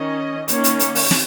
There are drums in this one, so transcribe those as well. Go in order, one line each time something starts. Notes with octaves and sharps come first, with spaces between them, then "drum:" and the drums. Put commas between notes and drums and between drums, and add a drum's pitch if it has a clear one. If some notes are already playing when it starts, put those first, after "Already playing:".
Already playing: D#3 C#4 D#5
D#3 A#3 C#4 C#5, drum: hi-hat
drum: hi-hat
drum: hi-hat
drum: open hi-hat
drum: snare